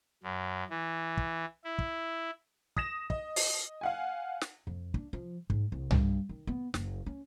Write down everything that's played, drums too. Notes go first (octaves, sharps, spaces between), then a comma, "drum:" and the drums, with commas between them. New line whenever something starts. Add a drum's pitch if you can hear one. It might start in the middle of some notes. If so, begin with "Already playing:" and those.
F#2
E3
drum: kick
E4
drum: kick
D#6 A#6 E7, drum: kick
D#5, drum: kick
drum: open hi-hat
F5 F#5 G#5
drum: snare
F2
D4, drum: kick
F3
G#2, drum: kick
C2
G2, drum: tom C2
D#3
B3
F#1, drum: snare
C#4